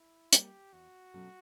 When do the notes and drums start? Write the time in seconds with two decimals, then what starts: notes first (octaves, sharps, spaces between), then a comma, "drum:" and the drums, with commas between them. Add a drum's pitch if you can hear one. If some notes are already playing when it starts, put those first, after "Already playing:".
Already playing: E4
0.33 G3 A#3 G4, drum: hi-hat
0.73 E2 F#4
1.14 B2 F#3 A3 C#4